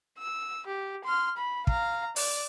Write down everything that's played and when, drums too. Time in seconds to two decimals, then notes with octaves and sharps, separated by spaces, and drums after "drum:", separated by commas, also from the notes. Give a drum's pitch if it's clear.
0.18 E6
0.66 G4
1.04 C6 F6
1.37 B5
1.67 F5 A#5, drum: kick
2.16 D5, drum: open hi-hat